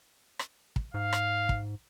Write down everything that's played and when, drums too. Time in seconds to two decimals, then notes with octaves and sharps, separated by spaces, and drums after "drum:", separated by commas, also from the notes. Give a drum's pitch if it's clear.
0.39 drum: rim click
0.76 drum: kick
0.94 G#2 F5
1.13 drum: rim click
1.49 drum: kick